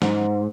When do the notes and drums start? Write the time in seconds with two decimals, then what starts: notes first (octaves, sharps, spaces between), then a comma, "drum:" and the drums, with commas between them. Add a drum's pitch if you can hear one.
0.02 G#2, drum: snare